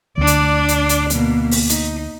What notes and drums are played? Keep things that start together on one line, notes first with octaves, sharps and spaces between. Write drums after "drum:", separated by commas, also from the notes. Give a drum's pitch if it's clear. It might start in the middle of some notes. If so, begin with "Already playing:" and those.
D2 D4 D5
drum: hi-hat
drum: hi-hat
drum: hi-hat
B2 A#3, drum: hi-hat
drum: open hi-hat
D#4, drum: hi-hat